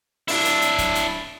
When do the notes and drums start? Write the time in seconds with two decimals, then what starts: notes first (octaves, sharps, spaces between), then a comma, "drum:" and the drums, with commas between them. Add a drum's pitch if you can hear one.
0.28 D4 E4, drum: open hi-hat
0.45 drum: hi-hat
0.62 drum: hi-hat
0.78 drum: kick, hi-hat
0.95 drum: hi-hat